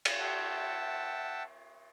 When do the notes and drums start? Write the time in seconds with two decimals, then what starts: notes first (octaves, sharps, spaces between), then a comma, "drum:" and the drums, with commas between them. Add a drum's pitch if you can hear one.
0.05 drum: cymbal
0.19 E5 F#5 G5 A5